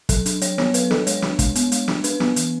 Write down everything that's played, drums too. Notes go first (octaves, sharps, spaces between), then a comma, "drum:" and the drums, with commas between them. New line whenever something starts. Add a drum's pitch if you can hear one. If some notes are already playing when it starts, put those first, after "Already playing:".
F#3 A4, drum: kick, hi-hat
D4, drum: hi-hat
F#3 C#5, drum: hi-hat
B3 C#5, drum: snare
F#3 B4, drum: hi-hat
D4 A4, drum: snare
G#3 C#5, drum: hi-hat
D4, drum: snare
G#3, drum: kick, hi-hat
B3, drum: hi-hat
G#3, drum: hi-hat
D4, drum: snare
D4 B4, drum: hi-hat
B3, drum: snare
E3, drum: hi-hat